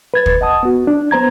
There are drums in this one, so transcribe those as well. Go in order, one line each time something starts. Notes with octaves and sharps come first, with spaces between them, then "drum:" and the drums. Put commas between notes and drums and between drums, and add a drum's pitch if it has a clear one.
B4 G#6 A6
drum: kick
D#5 F#5 A5 D#6
B3 F#4
D4
B3 C5 A#5 G#6